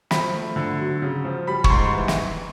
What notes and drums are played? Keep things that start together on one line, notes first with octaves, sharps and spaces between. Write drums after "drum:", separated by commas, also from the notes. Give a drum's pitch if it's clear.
F3 B5, drum: snare
A3
D3
F#3
C#3
F3
G3 B5
C#6, drum: kick
G#2 C6
E3
drum: snare